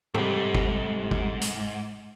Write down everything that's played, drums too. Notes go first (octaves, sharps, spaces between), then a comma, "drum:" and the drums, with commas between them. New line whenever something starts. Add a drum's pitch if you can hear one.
C2 G#2 C3 G3 A3, drum: tom
drum: kick
drum: kick
drum: hi-hat